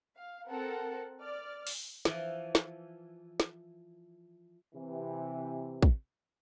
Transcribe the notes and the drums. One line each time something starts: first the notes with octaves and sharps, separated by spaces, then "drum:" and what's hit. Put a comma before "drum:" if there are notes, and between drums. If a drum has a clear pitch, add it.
F5
C4 A4 A#4 F#5
D5 F6
drum: open hi-hat
E3 F3, drum: snare
drum: snare
drum: snare
C3 E3
drum: kick